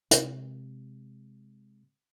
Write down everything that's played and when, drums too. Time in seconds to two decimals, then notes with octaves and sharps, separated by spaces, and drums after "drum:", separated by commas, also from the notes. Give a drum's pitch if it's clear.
0.11 C3 G#3, drum: hi-hat